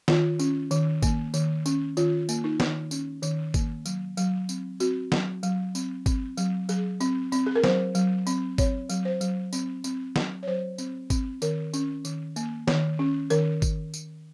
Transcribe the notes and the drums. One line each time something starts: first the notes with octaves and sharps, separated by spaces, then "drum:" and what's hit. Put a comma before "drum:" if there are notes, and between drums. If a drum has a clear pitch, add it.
D#3 F4, drum: snare
C#4, drum: tambourine
D#3, drum: tambourine
A#3, drum: kick, tambourine
D#3, drum: tambourine
C#4, drum: tambourine
D#3 F4, drum: tambourine
A#3, drum: tambourine
D#4
D#3, drum: snare
C#4, drum: tambourine
D#3, drum: tambourine
A#3, drum: kick, tambourine
F#3, drum: tambourine
F#3, drum: tambourine
C4, drum: tambourine
C4 F#4, drum: tambourine
F#3, drum: snare
F#3, drum: tambourine
C4, drum: tambourine
C4, drum: kick, tambourine
F#3, drum: tambourine
F#3 G#4, drum: tambourine
C4, drum: tambourine
C4, drum: tambourine
G#4
A#4
F#3 C5, drum: snare
F#3, drum: tambourine
C4, drum: tambourine
C4 C#5, drum: kick, tambourine
F#3, drum: tambourine
C5
F#3, drum: tambourine
C4, drum: tambourine
C4, drum: tambourine
F#3, drum: snare
C#5
F#3 C5
C4, drum: tambourine
C4, drum: kick, tambourine
D#3 A#4, drum: tambourine
C#4, drum: tambourine
D#3, drum: tambourine
A#3, drum: tambourine
D#3, drum: snare
C#4
D#3 A#4, drum: tambourine
drum: kick, tambourine
drum: tambourine